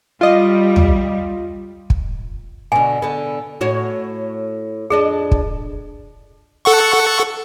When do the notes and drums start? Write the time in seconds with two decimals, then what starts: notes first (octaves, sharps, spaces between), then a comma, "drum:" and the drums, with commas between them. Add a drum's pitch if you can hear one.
0.21 G3 F4 D#5
0.76 drum: tom
1.90 drum: kick
2.72 B2 D3 G#5
3.02 D3 B3
3.61 A2 F#4 C#5
4.90 F2 D4 G#4 D#5
5.31 drum: kick
6.65 A4 F#5 C#6